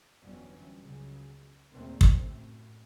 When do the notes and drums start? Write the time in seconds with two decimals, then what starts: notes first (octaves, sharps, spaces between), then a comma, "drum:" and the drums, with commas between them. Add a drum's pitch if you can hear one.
0.22 G1 F2 E3 F#3 G3 C#4
0.82 C#2 C#3 F#3
1.72 D#2 A#2 C#3 A3 A#3 C4
2.01 drum: kick
2.19 F#2 A2